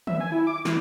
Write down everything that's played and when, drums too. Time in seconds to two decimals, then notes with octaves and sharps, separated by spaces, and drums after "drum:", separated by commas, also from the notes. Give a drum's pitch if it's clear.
0.07 E5, drum: tom D#3
0.20 G#5
0.32 E4
0.47 D6
0.65 E3, drum: snare